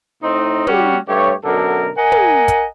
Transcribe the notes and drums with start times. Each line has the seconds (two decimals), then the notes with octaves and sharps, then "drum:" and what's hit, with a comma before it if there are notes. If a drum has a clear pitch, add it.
0.23 A2 C4 D#4
0.67 G3 C#4 F#4 G4, drum: tom
1.09 G2 A3 G4 C#5
1.44 F#2 B2 D3 A4 A#4
1.97 A#4 D#5 F#5 G#5
2.12 drum: tom
2.48 drum: kick, hi-hat